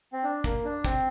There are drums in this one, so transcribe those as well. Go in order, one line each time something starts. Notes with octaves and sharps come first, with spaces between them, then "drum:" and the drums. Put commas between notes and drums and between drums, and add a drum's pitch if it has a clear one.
C4
D4
A#3, drum: kick
D4
C4, drum: kick